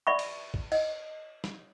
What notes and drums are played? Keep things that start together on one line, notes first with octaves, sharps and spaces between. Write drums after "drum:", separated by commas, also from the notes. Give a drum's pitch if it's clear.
D5 E5 B5 C#6
drum: cymbal
drum: kick A#1
D#5, drum: cymbal
drum: snare